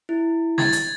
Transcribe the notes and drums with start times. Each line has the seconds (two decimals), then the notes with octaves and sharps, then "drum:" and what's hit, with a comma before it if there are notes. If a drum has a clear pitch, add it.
0.09 E4
0.58 G#6 A6, drum: snare
0.72 drum: hi-hat